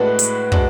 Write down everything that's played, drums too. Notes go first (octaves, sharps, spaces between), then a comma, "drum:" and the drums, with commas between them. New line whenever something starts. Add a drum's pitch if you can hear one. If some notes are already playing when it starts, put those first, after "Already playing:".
Already playing: A2 G#3 D4 F#4 B4
drum: hi-hat
G#3 D4 F#4, drum: kick